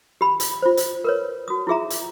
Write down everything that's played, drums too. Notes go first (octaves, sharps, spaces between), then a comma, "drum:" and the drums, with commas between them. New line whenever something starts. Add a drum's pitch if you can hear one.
G4 B5
drum: hi-hat
F4 C5
drum: hi-hat
A#4 B4 C#5
F#4 D#6
E4 F4 G#4 E5 A#5
drum: hi-hat